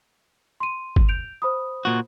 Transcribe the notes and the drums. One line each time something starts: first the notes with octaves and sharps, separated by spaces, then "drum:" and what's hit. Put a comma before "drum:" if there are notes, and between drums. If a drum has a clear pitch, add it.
C6 D#7
drum: kick
G6 D7 F7
C5 B5 D#6
A#2 F#4